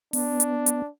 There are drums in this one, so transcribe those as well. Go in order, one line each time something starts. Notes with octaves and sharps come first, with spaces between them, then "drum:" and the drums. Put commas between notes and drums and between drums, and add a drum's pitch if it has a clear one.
B3 D4, drum: open hi-hat
drum: hi-hat
drum: hi-hat